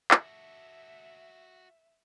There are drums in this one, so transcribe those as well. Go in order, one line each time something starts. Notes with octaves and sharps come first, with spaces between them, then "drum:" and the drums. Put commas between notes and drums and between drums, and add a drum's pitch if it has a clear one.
F#4 A4 E5, drum: clap